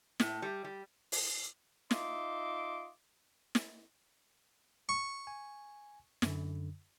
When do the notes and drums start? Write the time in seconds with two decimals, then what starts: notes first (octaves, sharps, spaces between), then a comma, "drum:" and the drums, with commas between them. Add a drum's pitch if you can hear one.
0.20 A2, drum: snare
0.42 G3
0.64 G3
1.12 drum: open hi-hat
1.91 D#4 F4 D#5 E5 C6 D6, drum: snare
3.55 drum: snare
4.89 C#6
5.27 G#5
6.22 F#2 D3, drum: snare